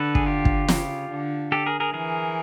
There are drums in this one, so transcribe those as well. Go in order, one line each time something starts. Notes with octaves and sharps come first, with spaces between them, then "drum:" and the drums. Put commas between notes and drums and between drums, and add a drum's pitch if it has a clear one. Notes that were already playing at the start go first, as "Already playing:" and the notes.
Already playing: D3 A4 B4
G#4, drum: kick
F4 G4
drum: kick
C#3, drum: snare
D3
G4 A4
G#4 A#4
G#4 A#4
E3 G#4 A#4